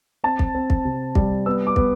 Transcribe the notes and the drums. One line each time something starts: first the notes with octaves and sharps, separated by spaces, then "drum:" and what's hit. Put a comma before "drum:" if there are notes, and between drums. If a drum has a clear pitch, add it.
C4 A5
drum: kick
C4
drum: kick
C3
G3, drum: kick
B3 E6
D6
B3, drum: kick